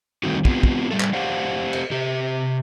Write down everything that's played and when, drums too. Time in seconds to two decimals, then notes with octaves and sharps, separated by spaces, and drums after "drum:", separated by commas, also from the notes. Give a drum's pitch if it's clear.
0.23 D#3 G3 A3 C4 D#4 F#4
0.45 B3 C4 F4 G4, drum: kick
0.63 drum: kick
0.91 A2 G3 A3 A4
1.00 drum: clap
1.13 G4 C5 D5 F5 F#5
1.73 drum: cymbal
1.91 C3 G4